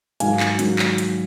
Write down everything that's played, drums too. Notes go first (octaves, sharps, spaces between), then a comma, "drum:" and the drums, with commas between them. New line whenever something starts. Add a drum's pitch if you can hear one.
G#2 D#3 F#3 F5 G#5, drum: hi-hat
drum: clap
G#2 D#3 F#3, drum: hi-hat
drum: clap
drum: hi-hat